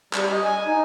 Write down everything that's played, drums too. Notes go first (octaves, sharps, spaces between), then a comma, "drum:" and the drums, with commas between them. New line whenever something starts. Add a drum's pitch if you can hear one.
G3, drum: clap
D#5
G#5
D#4